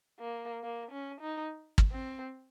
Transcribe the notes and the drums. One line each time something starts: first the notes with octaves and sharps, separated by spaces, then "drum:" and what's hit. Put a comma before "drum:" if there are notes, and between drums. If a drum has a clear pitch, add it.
A#3
A#3
C#4
D#4
drum: kick
C4